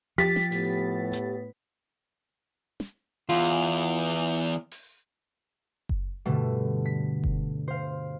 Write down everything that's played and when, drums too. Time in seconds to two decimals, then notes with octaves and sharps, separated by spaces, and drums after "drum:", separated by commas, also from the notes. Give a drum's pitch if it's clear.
0.18 F3 G4 A6 B6
0.36 drum: snare
0.52 A2 B3, drum: open hi-hat
1.13 drum: hi-hat
2.80 drum: snare
3.29 E2 F4
4.71 drum: open hi-hat
5.89 drum: kick F#1
6.25 G2 B2 D3 A3
6.86 B6
7.24 drum: kick F#1
7.68 C5 F5